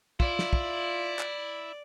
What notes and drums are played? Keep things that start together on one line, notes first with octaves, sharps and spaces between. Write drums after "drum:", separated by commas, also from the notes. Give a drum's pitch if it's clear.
E4 F4 D5, drum: kick
drum: snare
drum: kick
drum: clap